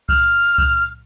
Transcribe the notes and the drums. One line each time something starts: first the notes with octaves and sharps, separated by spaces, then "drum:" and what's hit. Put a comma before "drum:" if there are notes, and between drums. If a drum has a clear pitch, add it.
F6, drum: kick C2
drum: kick C2